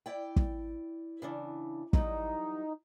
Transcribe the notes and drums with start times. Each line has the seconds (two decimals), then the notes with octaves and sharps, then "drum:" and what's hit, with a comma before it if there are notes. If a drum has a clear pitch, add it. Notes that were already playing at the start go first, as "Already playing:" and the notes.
0.06 E4 D5 G5
0.36 drum: kick
1.22 C#3 E3 D4
1.93 E3 F#3 G3 D#4, drum: kick